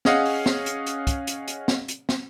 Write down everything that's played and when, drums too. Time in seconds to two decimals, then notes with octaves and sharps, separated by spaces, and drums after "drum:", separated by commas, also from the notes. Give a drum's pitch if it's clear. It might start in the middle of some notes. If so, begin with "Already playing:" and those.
0.05 C#4 G#4 D#5 F5 F#5, drum: snare
0.25 drum: open hi-hat
0.46 drum: snare
0.66 drum: hi-hat
0.87 drum: hi-hat
1.07 drum: kick, hi-hat
1.27 drum: hi-hat
1.48 drum: hi-hat
1.68 drum: snare
1.88 drum: hi-hat
2.09 drum: snare